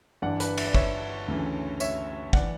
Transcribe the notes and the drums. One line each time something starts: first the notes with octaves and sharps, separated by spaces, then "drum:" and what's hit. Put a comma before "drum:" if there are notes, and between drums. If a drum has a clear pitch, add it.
G1 G2 E3 D5 F#5
B4 D5, drum: hi-hat
E5, drum: cymbal
D5
C#5 E5, drum: kick
D2 C#3 E3
C#5 E5, drum: tambourine
E3 D5 F#5, drum: kick